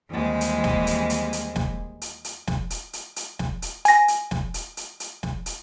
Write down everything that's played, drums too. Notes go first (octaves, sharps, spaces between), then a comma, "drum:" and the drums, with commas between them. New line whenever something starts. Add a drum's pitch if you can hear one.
D#2 E3 G3 G#3 C4
drum: hi-hat
drum: snare
drum: hi-hat
drum: hi-hat
drum: hi-hat
drum: snare
drum: hi-hat
drum: hi-hat
drum: snare
drum: hi-hat
drum: hi-hat
drum: hi-hat
drum: snare
drum: hi-hat
G#5 A#6, drum: hi-hat
drum: hi-hat
drum: snare
drum: hi-hat
drum: hi-hat
drum: hi-hat
drum: snare
drum: hi-hat